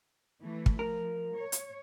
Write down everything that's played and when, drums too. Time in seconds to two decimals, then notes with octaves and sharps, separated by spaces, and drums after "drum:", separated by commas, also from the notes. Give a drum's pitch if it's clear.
0.42 E3 A3
0.66 drum: kick
0.79 F3 A#4
1.35 C#5
1.52 drum: hi-hat